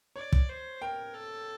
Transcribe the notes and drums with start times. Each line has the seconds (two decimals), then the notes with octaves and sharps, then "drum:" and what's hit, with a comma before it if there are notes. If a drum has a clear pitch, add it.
0.16 C#5 D5
0.32 drum: kick
0.49 C5
0.82 A#4 G5
1.14 A4